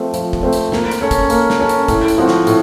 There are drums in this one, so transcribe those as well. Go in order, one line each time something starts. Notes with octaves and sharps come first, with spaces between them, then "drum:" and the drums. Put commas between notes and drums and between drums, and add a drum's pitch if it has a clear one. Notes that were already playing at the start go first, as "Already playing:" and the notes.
Already playing: F3 A3 C4
F3, drum: hi-hat
drum: kick
A3 C4
drum: hi-hat
A#3, drum: snare
drum: hi-hat
C#4 A4 C#5
drum: kick, hi-hat
A#3, drum: hi-hat
drum: snare
C#4 A4 C#5
drum: hi-hat
A2, drum: kick, hi-hat
drum: hi-hat
F3 C4 F#4
drum: snare
A2, drum: hi-hat